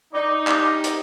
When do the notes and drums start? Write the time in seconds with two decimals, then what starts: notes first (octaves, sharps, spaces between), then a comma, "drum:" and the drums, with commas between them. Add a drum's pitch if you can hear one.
0.13 D#4 D5
0.47 G4, drum: clap
0.84 drum: hi-hat